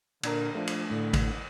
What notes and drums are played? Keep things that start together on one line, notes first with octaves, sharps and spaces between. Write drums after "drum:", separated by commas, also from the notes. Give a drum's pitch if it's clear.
A#2 D3 D4 A#4, drum: cymbal
F3 A3 D4
drum: cymbal
A2 D3
drum: kick G#1, cymbal